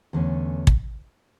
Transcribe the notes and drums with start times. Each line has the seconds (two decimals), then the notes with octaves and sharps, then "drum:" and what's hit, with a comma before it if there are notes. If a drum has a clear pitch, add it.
0.13 E2 D3 A3 C#4
0.67 drum: kick